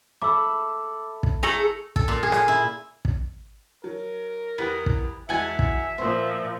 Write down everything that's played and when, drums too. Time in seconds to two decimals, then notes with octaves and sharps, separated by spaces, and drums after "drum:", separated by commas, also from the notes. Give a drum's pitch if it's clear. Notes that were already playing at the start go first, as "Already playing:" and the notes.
0.22 A4 E5 B5 D6 E6
1.23 drum: kick
1.43 A3 G#4 A4 A#5 F7
1.96 A4, drum: kick
2.08 A#2
2.23 G#4
2.32 drum: rim click
2.48 E4
3.05 drum: kick
3.84 F#3 A#4
4.58 E2 B3 G4 F#5
4.86 drum: kick
5.29 E2 G#3 F#4 E5 F#5 G#5 A5
5.59 drum: kick
5.98 A#2 F3 B3 C5